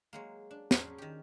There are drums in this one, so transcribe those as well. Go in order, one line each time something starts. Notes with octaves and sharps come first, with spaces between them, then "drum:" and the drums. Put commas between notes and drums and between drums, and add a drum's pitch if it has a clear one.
F#3 G#3 A#3
D4
F#3 C#4 D4 G#4 A#4 C5, drum: snare
D#3 G4